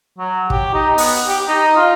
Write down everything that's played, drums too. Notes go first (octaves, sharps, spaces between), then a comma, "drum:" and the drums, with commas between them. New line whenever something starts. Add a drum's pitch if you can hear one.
F#3
G4, drum: kick
D#4
B3, drum: open hi-hat
G4
D#4
F4